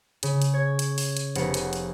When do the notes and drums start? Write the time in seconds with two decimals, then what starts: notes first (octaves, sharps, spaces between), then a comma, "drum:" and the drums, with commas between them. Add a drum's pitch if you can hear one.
0.23 C#3, drum: hi-hat
0.42 drum: hi-hat
0.54 C#5 G#6
0.79 drum: hi-hat
0.98 drum: open hi-hat
1.17 drum: hi-hat
1.36 F1 B3 C#7, drum: hi-hat
1.54 drum: hi-hat
1.73 drum: hi-hat